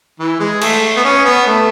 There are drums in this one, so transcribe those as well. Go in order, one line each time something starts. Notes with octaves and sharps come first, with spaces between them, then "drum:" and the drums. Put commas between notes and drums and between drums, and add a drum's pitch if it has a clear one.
E3
G#3
A3, drum: cymbal
B3
C#4
B3
A3